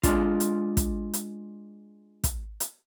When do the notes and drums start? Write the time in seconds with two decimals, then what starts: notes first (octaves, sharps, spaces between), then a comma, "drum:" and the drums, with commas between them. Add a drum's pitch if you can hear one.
0.03 G#3 C#4 D4 F4, drum: kick, hi-hat
0.40 drum: hi-hat
0.77 drum: kick, hi-hat
1.13 drum: hi-hat
2.24 drum: kick, hi-hat
2.60 drum: hi-hat